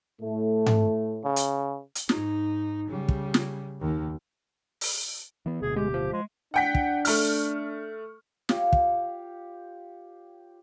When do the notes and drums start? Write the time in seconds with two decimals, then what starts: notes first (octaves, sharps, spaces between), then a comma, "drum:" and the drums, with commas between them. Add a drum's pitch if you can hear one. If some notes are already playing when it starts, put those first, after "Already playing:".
0.22 A2 A3
0.66 drum: tom G#2
1.24 C#3
1.36 drum: hi-hat
1.95 drum: hi-hat
2.09 G#2 D#4, drum: snare
2.88 C#3 G3
3.09 drum: kick
3.34 drum: snare
3.80 D#2 D#3
4.81 drum: open hi-hat
5.46 E3 B3
5.62 D1 D2 B2 G#4
5.76 G#3 G4
5.94 F3
6.13 G#3
6.54 D4 F#5 G5 B6
6.75 drum: kick
7.05 A3 F6, drum: open hi-hat
8.49 F4 G4 C#5 F5, drum: snare
8.73 drum: kick